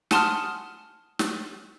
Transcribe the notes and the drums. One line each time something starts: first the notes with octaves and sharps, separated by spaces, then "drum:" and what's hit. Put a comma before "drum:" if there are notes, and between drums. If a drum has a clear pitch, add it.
F#5 G#5 A5 C6 D#6 F6, drum: snare
drum: snare